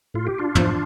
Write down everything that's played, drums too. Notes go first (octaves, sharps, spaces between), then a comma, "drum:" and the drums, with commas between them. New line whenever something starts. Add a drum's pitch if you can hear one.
A2 F4
G4
D4 F4
F3, drum: tom